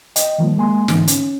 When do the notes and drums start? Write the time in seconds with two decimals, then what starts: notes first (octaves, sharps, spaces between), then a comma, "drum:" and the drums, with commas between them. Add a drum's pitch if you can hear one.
0.16 D#5 G5, drum: hi-hat
0.38 D#3 F3 G3 A#3
0.56 G#3 A#3 G#5 C6
0.88 G#2 D3 E3 C4 D#4, drum: snare
1.07 C#4, drum: hi-hat